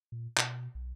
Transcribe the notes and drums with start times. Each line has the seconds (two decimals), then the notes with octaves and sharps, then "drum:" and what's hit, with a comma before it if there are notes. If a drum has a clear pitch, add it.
0.12 A#2
0.37 B2, drum: clap
0.75 B1